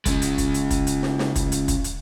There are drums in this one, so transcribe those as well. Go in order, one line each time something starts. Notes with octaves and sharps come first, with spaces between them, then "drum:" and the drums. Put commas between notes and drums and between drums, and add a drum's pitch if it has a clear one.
C#3 G#3, drum: kick, hi-hat
drum: hi-hat
drum: kick, hi-hat
drum: hi-hat
drum: kick, hi-hat
drum: hi-hat
drum: snare
drum: snare
drum: kick, hi-hat
drum: hi-hat
drum: kick, hi-hat
drum: hi-hat